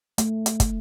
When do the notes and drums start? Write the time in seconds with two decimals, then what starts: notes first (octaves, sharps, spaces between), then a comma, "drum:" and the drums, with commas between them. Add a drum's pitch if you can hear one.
0.18 A3, drum: hi-hat
0.46 drum: hi-hat
0.60 drum: kick, hi-hat